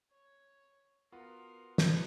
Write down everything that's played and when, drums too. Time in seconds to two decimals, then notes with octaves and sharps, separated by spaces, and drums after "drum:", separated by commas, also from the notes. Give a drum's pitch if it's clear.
0.12 C#5
1.12 B3 F4 F#4 A#4 C6
1.78 drum: snare